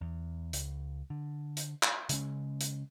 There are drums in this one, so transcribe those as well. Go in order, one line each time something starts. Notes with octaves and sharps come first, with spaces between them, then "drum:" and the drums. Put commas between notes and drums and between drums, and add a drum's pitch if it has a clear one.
E2
C#2, drum: hi-hat
D3
drum: hi-hat
drum: clap
C#3 G#3 C#4, drum: hi-hat
drum: hi-hat